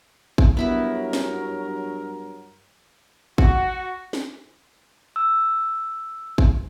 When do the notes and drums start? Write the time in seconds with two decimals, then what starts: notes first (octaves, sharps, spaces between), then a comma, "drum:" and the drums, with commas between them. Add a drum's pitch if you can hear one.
0.38 drum: kick G#1
0.57 G2 F#3 B3 E4 A#4 E5
1.13 drum: snare
3.38 F#4, drum: kick G#1
4.13 drum: snare
5.16 E6
6.38 drum: kick G#1